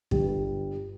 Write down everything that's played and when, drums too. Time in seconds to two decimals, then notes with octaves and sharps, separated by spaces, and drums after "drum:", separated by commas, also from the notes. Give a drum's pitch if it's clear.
0.11 G1 G2 D3 G3, drum: kick